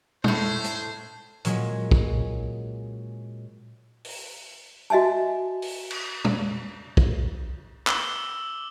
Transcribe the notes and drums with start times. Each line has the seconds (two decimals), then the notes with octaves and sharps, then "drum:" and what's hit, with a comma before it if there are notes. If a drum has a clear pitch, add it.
0.24 A2 A3 G#4 C5, drum: tom A#2
0.64 drum: hi-hat
1.45 A#2 F#3 G#3 C#4, drum: hi-hat
1.91 drum: kick
4.05 drum: open hi-hat
4.90 F#4 D#5 E5 G#5 A5
5.62 drum: open hi-hat
5.91 drum: cymbal
6.25 drum: tom A#2
6.97 drum: kick
7.87 D6 E6 F#7 G7, drum: clap